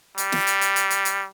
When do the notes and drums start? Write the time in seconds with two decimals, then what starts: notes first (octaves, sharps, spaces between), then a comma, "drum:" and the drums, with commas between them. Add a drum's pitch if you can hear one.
0.18 G3, drum: hi-hat
0.32 drum: snare
0.47 drum: hi-hat
0.61 drum: hi-hat
0.76 drum: hi-hat
0.91 drum: hi-hat
1.05 drum: hi-hat